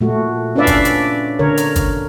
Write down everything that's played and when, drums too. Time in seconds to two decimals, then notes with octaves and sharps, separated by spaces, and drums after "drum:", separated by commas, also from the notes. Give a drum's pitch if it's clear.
0.01 A#2 A3 F#4
0.56 C#4 D4 B4 D5 E5 F5
0.67 drum: kick, hi-hat
0.85 drum: hi-hat
1.39 D3 A#4 C#5
1.57 drum: hi-hat
1.76 drum: kick, hi-hat